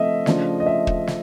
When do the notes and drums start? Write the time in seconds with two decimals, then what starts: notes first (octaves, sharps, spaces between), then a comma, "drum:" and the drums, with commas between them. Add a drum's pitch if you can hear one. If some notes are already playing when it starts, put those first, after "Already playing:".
Already playing: F3 A3 C4 D#5 E5
0.26 C#3 F3 A3 D4, drum: snare
0.60 D#5
0.66 E5
0.87 drum: kick
1.07 drum: snare